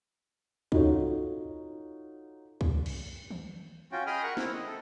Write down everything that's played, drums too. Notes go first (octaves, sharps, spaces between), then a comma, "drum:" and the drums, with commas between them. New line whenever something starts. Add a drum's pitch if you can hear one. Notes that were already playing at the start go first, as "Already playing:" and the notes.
D#4 F4 F#4 A4 C#5, drum: kick
drum: kick
drum: cymbal
drum: tom D#3
C#4 F4 F#4 G5
G#4 D#5 G5 B5 D#6 F6
A#4 F#5 C#6
C4 E4, drum: snare
D#5
A4